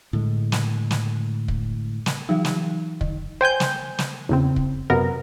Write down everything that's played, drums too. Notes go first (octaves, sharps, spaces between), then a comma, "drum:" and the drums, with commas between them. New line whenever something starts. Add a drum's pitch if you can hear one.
A2 D3 G#3
drum: snare
drum: snare
drum: kick
drum: snare
E3 F#3 D#4
drum: snare
D3, drum: kick
C5 G5 G#5 G6
drum: snare
drum: snare
E2 C#3 C4
drum: kick
F#2 C3 B3 A#4